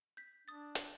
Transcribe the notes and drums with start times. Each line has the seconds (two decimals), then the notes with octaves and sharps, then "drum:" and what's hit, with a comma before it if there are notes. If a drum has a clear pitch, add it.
0.17 G6 B6
0.48 D4 D#6 A6
0.75 C6 C7, drum: hi-hat